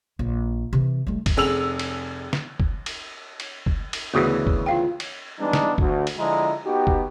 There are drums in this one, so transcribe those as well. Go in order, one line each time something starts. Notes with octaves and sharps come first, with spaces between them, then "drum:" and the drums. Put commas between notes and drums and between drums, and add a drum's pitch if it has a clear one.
A#1
C3 E3
G3 A3
drum: kick F#1, cymbal
F1 G#4 E6 F7 F#7
drum: cymbal
drum: snare
drum: kick F#1
drum: cymbal
drum: cymbal
drum: kick F#1
drum: cymbal
D2 C#3 E3 B3 F#4 G#4
drum: kick F#1
F4 F5 G5
drum: cymbal
E3 G3 G#3 B3 D4 D#4
drum: snare
D2, drum: kick F#1
drum: cymbal
D3 F3 G#3 E4 D#5 A#5
B3 D#4 F#4 G4
drum: kick F#1